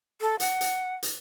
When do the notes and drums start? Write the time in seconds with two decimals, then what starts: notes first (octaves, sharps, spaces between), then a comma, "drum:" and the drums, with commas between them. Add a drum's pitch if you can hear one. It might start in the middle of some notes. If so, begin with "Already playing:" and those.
0.21 A4
0.40 F#5, drum: hi-hat
0.61 drum: hi-hat
1.03 drum: hi-hat